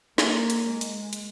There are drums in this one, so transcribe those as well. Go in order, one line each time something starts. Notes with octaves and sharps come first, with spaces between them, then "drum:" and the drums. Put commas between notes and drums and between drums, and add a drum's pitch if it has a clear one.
A#3, drum: snare
drum: hi-hat
G#3
drum: hi-hat
drum: hi-hat